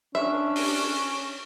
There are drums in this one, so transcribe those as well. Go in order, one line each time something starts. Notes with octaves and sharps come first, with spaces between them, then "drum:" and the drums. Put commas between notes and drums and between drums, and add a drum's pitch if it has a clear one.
C#4 D4 E5
drum: open hi-hat